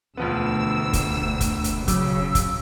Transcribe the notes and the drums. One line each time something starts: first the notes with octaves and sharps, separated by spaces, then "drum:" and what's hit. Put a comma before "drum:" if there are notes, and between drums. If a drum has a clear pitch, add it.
E1 D2 F3 B3 E6
drum: kick, hi-hat
drum: kick, hi-hat
drum: hi-hat
C#3 F#3 E6, drum: kick, hi-hat
drum: kick, hi-hat